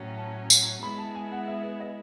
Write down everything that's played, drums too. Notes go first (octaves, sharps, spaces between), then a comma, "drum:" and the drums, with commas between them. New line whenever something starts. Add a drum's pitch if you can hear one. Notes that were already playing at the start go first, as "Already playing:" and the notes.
Already playing: A2 F#3 C#4
A5
drum: tambourine
G#3 B3 E4 G#4 B5
A5
G#5
F#5
E5
B4
D#5